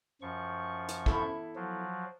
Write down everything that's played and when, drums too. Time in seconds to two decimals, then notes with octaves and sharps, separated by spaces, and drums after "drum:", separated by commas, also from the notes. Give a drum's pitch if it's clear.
0.22 F#2 F3 C#6
0.89 drum: hi-hat
1.06 E2 E4 A4, drum: kick
1.56 F3 F#3